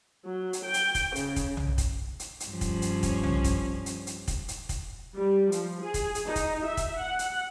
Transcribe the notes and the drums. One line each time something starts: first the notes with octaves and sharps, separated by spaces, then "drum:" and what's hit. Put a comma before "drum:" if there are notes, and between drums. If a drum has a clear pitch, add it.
F#3
drum: hi-hat
G5
drum: hi-hat
drum: kick, hi-hat
C#3, drum: hi-hat
drum: kick, hi-hat
drum: tom
drum: kick, hi-hat
drum: hi-hat
drum: hi-hat
G2 F3 C#4
drum: kick, hi-hat
drum: hi-hat
drum: kick, hi-hat
drum: tom
drum: kick, hi-hat
drum: hi-hat
drum: hi-hat
drum: kick, hi-hat
drum: hi-hat
drum: kick, hi-hat
G3
F3, drum: hi-hat
G#4
drum: kick, hi-hat
drum: hi-hat
D#4
drum: kick, hi-hat
E5
drum: kick, hi-hat
F#5
drum: hi-hat